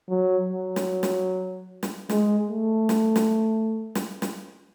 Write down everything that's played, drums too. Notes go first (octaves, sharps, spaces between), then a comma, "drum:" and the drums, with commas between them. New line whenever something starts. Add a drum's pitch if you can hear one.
F#3
F#3
drum: snare
drum: snare
drum: snare
G#3, drum: snare
A3
drum: snare
drum: snare
drum: snare
drum: snare